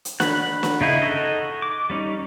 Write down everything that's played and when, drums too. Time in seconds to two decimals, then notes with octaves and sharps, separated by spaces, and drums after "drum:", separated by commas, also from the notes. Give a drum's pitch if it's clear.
0.05 drum: hi-hat
0.20 F#5 B5, drum: snare
0.63 drum: snare
0.81 C#3 D#4 E4
1.02 D#4 F#4 A4 D#5
1.62 D6
1.90 G3 C#4 D#4